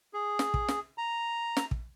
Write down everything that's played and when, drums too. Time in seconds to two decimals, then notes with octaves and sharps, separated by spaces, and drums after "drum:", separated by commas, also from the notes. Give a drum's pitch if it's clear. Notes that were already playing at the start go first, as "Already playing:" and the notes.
0.14 G#4
0.39 drum: snare
0.54 drum: kick
0.68 drum: snare
0.98 A#5
1.57 drum: snare
1.71 drum: kick